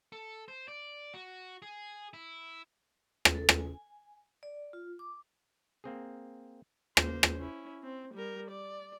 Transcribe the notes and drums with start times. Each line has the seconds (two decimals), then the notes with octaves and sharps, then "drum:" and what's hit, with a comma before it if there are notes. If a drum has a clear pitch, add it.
0.12 A4
0.48 C5
0.68 D5
1.14 F#4
1.62 G#4
2.14 E4
3.25 drum: rim click
3.35 A4
3.49 drum: rim click
3.59 G#5
4.43 D5
4.73 F4
4.99 D6
5.84 A#3 C4 G#4
6.97 A#3 C5, drum: rim click
7.23 drum: rim click
7.38 C#4 E4
7.84 C4
8.14 G3 A#4
8.51 D5